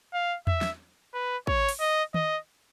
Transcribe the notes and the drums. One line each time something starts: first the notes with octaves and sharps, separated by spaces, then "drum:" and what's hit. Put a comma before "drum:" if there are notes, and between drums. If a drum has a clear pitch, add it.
F5
E5, drum: tom E2
drum: snare
B4
C#5, drum: kick
drum: open hi-hat
D#5
D#5, drum: tom